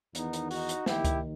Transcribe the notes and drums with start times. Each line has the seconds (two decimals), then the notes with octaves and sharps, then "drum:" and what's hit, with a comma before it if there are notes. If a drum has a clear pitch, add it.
0.15 E2 D#3 B3 D#4, drum: hi-hat
0.33 drum: hi-hat
0.51 D#4 F#4, drum: open hi-hat
0.69 drum: hi-hat
0.86 D#2 D#3 E4 G4, drum: snare
1.05 drum: kick C#2, hi-hat